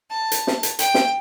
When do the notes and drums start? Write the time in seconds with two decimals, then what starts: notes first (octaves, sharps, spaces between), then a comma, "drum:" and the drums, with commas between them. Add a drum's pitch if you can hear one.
0.10 A5
0.32 drum: hi-hat
0.47 drum: snare
0.63 drum: hi-hat
0.79 G5, drum: hi-hat
0.94 drum: snare